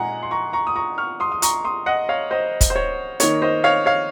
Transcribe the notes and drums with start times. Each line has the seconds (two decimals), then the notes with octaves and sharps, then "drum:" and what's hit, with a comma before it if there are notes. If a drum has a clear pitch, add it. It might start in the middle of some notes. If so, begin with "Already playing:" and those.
Already playing: A#2 G#3 D#4 F#5 G#5 A#5
0.23 C6
0.31 A#5 C#6
0.53 A#5 C#6
0.67 D#6
0.76 A#5 C#6
0.98 C#6 F6
1.20 C6 D#6
1.32 D#6
1.42 A#5 C#6, drum: hi-hat
1.65 C6 D#6
1.86 D#5 F#5
2.09 C#5 F5
2.31 C5 D#5
2.61 drum: kick, hi-hat
2.70 C5
2.76 C#5
3.20 D#3 A#3 D#4 C#5, drum: hi-hat
3.42 C5 D#5
3.64 C#5 F5
3.86 C#5 F5